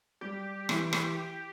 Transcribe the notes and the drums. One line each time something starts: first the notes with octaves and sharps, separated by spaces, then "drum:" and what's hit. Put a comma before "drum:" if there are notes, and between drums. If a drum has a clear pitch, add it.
G3 G4
E3, drum: rim click
drum: rim click